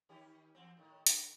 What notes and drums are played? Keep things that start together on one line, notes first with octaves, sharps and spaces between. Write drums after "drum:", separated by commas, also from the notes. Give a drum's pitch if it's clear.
D#3 C#4 G4
E2 C4
A2 D#3
G2 D3, drum: hi-hat